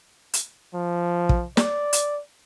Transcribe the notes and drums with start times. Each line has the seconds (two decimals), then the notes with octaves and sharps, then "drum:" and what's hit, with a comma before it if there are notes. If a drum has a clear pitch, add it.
0.33 drum: hi-hat
0.74 F3
1.29 drum: kick
1.57 D5, drum: snare
1.93 drum: hi-hat